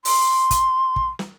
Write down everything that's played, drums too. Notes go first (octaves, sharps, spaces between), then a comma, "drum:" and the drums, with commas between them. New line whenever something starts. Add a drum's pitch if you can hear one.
C6, drum: open hi-hat
drum: kick, hi-hat
drum: kick
drum: snare